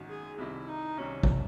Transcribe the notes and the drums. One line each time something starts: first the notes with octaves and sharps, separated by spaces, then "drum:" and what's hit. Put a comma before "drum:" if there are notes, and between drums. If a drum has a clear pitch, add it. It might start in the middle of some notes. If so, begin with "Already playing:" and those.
Already playing: G#1 F#2 D#3 F#3
G#4
C2 C3 D#3 E4
D#4
C2 C3 D#3 C#4
drum: kick